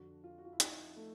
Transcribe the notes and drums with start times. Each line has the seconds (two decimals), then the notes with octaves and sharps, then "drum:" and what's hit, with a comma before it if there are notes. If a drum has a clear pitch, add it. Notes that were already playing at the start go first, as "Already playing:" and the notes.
Already playing: F2 D3 F#4
0.24 F4
0.38 F#4
0.45 F4
0.53 E4
0.60 D#4, drum: hi-hat
0.96 A3